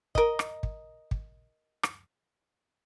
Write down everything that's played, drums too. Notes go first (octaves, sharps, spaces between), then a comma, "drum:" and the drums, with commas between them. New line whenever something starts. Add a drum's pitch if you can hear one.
A#4 D#5, drum: kick
drum: rim click
drum: kick
drum: kick
drum: rim click